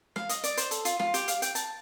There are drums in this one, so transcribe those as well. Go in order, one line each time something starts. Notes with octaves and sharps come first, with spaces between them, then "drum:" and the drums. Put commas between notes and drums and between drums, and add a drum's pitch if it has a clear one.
F5, drum: snare
D#5, drum: hi-hat
D5, drum: hi-hat
C5, drum: hi-hat
A4, drum: hi-hat
F4, drum: hi-hat
F4, drum: snare
G4, drum: hi-hat
F5, drum: hi-hat
G5, drum: hi-hat
A5, drum: hi-hat